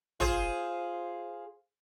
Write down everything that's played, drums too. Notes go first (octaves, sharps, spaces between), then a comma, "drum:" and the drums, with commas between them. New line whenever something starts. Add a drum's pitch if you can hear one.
F4 G#4 C5, drum: tom